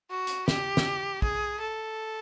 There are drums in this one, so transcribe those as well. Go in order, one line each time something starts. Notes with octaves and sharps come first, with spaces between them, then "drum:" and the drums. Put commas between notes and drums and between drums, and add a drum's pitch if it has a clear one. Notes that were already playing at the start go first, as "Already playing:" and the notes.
F#4
drum: hi-hat
G4, drum: snare
drum: snare
G#4, drum: kick
A4